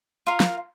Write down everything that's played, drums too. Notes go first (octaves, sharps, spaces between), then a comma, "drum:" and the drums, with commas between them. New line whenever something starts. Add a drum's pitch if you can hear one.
F4 A#4 F5
drum: snare